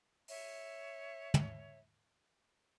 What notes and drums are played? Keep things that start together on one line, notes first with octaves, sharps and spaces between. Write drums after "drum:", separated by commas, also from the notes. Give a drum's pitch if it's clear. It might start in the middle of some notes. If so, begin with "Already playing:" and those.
C#5 E5, drum: open hi-hat
drum: tom